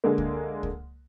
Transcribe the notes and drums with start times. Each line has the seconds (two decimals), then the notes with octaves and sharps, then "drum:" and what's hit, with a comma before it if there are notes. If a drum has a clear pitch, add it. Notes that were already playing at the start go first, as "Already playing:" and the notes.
0.04 D3 G#3 A#3
0.18 drum: kick C#2
0.63 drum: kick C#2